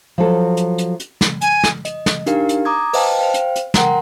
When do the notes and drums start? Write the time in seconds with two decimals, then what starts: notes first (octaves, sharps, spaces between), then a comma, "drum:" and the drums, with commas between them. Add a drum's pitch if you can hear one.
0.18 F3 F#3 A4
0.57 drum: hi-hat
0.78 drum: hi-hat
1.00 drum: hi-hat
1.21 drum: snare
1.41 G#5, drum: hi-hat
1.64 drum: snare
1.85 D#5, drum: hi-hat
2.06 drum: snare
2.26 D4 D#4 G4 A#4 F5, drum: hi-hat
2.49 drum: hi-hat
2.65 A#5 D6 D#6 G#6
2.93 B4 C5 D#5 F5 G5 A5, drum: open hi-hat
3.19 C5 F5 G5
3.34 drum: hi-hat
3.56 drum: hi-hat
3.74 A#4 F#5 G5 A#5 C6, drum: snare